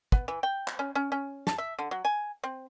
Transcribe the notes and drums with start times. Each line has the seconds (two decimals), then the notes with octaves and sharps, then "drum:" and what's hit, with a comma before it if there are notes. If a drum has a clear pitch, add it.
0.12 B3, drum: kick
0.28 E3
0.43 G5
0.68 drum: clap
0.79 C#4
0.95 C#4
1.12 C#4
1.47 A5, drum: snare
1.58 E5
1.79 D3
1.91 F#3
2.05 G#5
2.44 C4